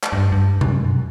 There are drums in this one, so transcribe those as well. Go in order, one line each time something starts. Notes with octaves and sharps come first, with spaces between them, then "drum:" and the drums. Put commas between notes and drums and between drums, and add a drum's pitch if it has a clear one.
drum: clap
G2
G2
F#2, drum: tom B2